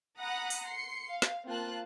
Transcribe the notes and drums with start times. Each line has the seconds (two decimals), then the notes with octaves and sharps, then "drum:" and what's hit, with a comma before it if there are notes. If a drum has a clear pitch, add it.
0.19 F#5 A#5 B5 D#6 F#6
0.50 drum: open hi-hat
0.65 C6 C7 C#7
1.09 F5
1.22 drum: snare
1.46 A#3 C4 F4 A5 F#6